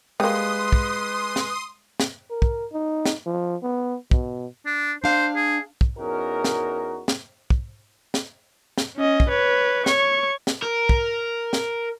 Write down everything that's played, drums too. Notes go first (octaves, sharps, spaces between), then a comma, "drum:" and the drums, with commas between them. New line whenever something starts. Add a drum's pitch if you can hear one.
G3 G#3 A#3 B4 C6 D#6
drum: kick
drum: snare
drum: snare
A#4
drum: kick
D#4
drum: snare
F3
B3
B2, drum: kick
D4
D4 C5 F5
G#4
drum: kick
E2 C#4 D#4 F#4 A#4
drum: snare
drum: snare
drum: kick
drum: snare
drum: snare
C#4 D#5
drum: kick
B4 C#5
C#5 C#6, drum: snare
drum: snare
A#4
drum: kick
drum: snare